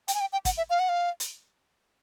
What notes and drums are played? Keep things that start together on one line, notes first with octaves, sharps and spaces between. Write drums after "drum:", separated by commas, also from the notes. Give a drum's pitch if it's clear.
G5, drum: hi-hat
G#5
G5
G5
F#5, drum: kick, hi-hat
E5
F5
F#5
F5
drum: hi-hat